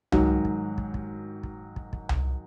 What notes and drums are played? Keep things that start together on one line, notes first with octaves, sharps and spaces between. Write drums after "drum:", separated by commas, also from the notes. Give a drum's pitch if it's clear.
G#2 D#3 F#3, drum: tom C2
drum: kick
drum: kick
drum: kick
drum: kick
drum: kick
drum: kick
drum: tom C2